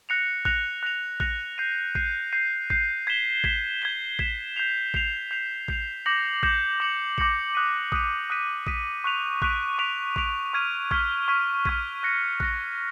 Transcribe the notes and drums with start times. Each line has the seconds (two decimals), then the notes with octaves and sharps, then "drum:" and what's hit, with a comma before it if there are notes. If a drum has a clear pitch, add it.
0.09 F#6 A#6 C#7 F7
0.45 F#6 A#6 C#7 F7, drum: kick A#1
0.83 F#6 A#6 C#7 F7
1.20 F#6 A#6 C#7 F7, drum: kick A#1
1.58 G6 C7 D#7
1.95 G6 C7 D#7, drum: kick A#1
2.32 G6 C7 D#7
2.70 G6 C7 D#7, drum: kick A#1
3.07 G#6 B6 E7 G7
3.44 G#6 B6 E7 G7, drum: kick A#1
3.82 G#6 B6 E7 G7
4.19 G#6 B6 E7 G7, drum: kick A#1
4.56 G6 C7 F7
4.94 G6 C7 F7, drum: kick A#1
5.31 G6 C7 F7
5.68 G6 C7 F7, drum: kick A#1
6.06 D6 G6 A#6 C#7 F#7
6.43 D6 G6 A#6 C#7 F#7, drum: kick A#1
6.80 D6 G6 A#6 C#7 F#7
7.18 D6 G6 A#6 C#7 F#7, drum: kick A#1
7.55 D#6 F#6 B6 D#7
7.92 D#6 F#6 B6 D#7, drum: kick A#1
8.30 D#6 F#6 B6 D#7
8.67 D#6 F#6 B6 D#7, drum: kick A#1
9.04 C#6 F#6 B6 D7 F7
9.42 C#6 F#6 B6 D7 F7, drum: kick A#1
9.78 C#6 F#6 B6 D7 F7
10.16 C#6 F#6 B6 D7 F7, drum: kick A#1
10.53 C#6 F6 G#6 B6 D#7
10.91 C#6 F6 G#6 B6 D#7, drum: kick A#1
11.28 C#6 F6 G#6 B6 D#7
11.65 C#6 F6 G#6 B6 D#7, drum: kick A#1
12.03 F#6 A#6 C#7
12.40 F#6 A#6 C#7, drum: kick A#1